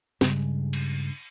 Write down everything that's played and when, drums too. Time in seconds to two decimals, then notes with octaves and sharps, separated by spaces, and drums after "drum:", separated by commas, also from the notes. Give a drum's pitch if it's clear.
0.21 G2 C#3 G3 G#3, drum: snare
0.73 drum: cymbal